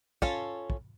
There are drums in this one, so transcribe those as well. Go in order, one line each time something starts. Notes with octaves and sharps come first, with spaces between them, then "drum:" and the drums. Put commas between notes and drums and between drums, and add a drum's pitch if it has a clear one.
C#4 F4 A4, drum: kick
drum: kick